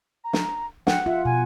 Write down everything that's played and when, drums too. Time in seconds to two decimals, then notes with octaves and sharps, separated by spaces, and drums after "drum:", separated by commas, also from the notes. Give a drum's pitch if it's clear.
0.24 A#5
0.33 drum: snare
0.87 F#5 G5, drum: snare
1.06 F4 E5
1.25 B2 G#5